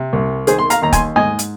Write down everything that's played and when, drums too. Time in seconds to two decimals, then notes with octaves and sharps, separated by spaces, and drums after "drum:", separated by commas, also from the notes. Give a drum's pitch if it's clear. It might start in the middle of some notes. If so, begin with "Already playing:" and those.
Already playing: C3
0.13 C2
0.47 D#3 G#4 C5, drum: hi-hat
0.58 C6
0.70 F5 A#5, drum: hi-hat
0.82 D#2 A#5
0.93 G#5 C6, drum: kick, hi-hat
1.16 G#2 D#5 G#5
1.39 drum: hi-hat